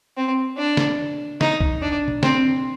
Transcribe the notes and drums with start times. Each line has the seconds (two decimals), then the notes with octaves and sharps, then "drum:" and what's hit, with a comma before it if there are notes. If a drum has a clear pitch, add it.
0.17 C4
0.58 D4
0.77 drum: snare
1.41 D#4, drum: snare
1.61 drum: kick B1
1.81 D4
2.08 drum: tom B2
2.23 C4, drum: snare